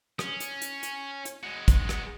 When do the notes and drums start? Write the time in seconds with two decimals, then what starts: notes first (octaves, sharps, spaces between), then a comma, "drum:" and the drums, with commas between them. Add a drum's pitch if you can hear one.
0.19 C#4, drum: rim click
0.40 drum: hi-hat
0.62 drum: hi-hat
0.83 drum: hi-hat
1.25 drum: hi-hat
1.43 G#3 F#4
1.68 drum: kick, hi-hat
1.89 drum: rim click